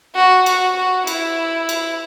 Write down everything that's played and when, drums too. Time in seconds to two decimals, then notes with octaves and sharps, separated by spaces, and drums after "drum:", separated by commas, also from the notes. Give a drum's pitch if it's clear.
0.16 F#4
0.46 F#4, drum: cymbal
0.77 F#4
1.07 E4, drum: cymbal
1.69 drum: cymbal